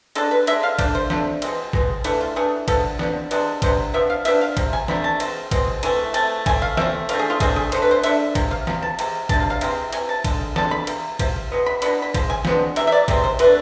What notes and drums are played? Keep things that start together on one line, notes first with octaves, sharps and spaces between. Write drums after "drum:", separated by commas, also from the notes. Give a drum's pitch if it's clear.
D3 G#3 D4 A4, drum: cymbal
B4
D3 G#3 D4 E5, drum: cymbal
F5
F3 A3 D4 D5, drum: kick G#1, cymbal
C5
F3 A3 D4, drum: snare
B2 G#3 C4, drum: cymbal
B2 G#3 C4, drum: kick G#1
E3 A3 D4 E4, drum: cymbal
F4
E3 A3 D4 G#4
F3 B3 D4 A4, drum: kick G#1, cymbal
F3 B3 D4, drum: snare
C3 G#3 B3 D4, drum: cymbal
C3 G#3 B3 D4 C5, drum: kick G#1, cymbal
F3 B3 D4 E5
F5
F3 B3 D4 E5, drum: cymbal
F5
C3 F3, drum: kick G#1, cymbal
G#5
C3 F3 A3 D4 B5, drum: snare
A5
B2 G#3 C4, drum: cymbal
B2 G#3 C4, drum: kick G#1, cymbal
E3 A3 C4 G#5, drum: cymbal
E3 A3 C4 A5, drum: cymbal
F3 A3 C4 G#5, drum: kick G#1, cymbal
F5
F3 A3 C4 E5, drum: snare
D3 A3 C4 F5, drum: cymbal
G#4
F4
D3 A3 C4 G#4, drum: kick G#1, cymbal
G#4
D3 A3 D4 C5, drum: cymbal
B4
C5
D3 A3 D4 E5, drum: cymbal
C3 F3, drum: kick G#1, cymbal
F5
C3 F3, drum: snare
A5
C3 G#3, drum: cymbal
C3 G#3 D4 A5, drum: kick G#1, cymbal
F5
F5
C3 E3 G#3 C4, drum: cymbal
C3 E3 G#5, drum: cymbal
A5
D3 F3 G#3, drum: kick G#1, cymbal
D3 F3 G#3 A5, drum: snare
B5
C3 F3, drum: cymbal
C3 F3, drum: kick G#1, cymbal
B2 G#3 B3
B5
B2 G#3 B3 D4 B5, drum: cymbal
B5
F3 G#3, drum: kick G#1, cymbal
G#5
F3 G#3 B3 D4, drum: snare
C3 E3 E5, drum: cymbal
E5
D5
C3 E3 G#3 C4, drum: kick G#1, cymbal
C5
B2 A3 D4 B4, drum: cymbal